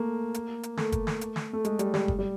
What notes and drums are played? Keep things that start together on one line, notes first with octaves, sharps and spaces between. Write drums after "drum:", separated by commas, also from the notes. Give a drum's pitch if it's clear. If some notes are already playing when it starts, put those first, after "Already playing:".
Already playing: A3 A#3
drum: hi-hat
drum: hi-hat
A3, drum: snare
drum: kick, hi-hat
drum: snare
drum: hi-hat
drum: snare
A3
G#3, drum: hi-hat
G3, drum: hi-hat
G3, drum: snare
drum: kick
G3